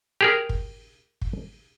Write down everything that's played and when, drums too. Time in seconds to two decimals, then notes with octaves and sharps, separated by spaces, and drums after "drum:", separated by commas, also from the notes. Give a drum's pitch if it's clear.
0.21 G4 G#4 A#4
0.49 drum: kick
1.22 drum: kick